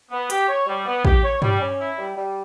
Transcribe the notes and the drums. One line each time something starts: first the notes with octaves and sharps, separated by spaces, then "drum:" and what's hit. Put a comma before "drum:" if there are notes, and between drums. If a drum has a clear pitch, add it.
B3
G4, drum: hi-hat
C#5
G3
B3
G4, drum: kick
C#5
G3, drum: tom G2
C#4
E4
G3
G3